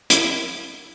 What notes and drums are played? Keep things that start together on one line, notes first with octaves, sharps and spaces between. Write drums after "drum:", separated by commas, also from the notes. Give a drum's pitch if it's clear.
E4, drum: hi-hat